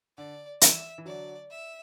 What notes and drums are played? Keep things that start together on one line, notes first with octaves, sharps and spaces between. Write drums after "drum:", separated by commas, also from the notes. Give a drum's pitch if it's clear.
D3 D5
E3 E5, drum: hi-hat
E3
D3 F#3 D5
E5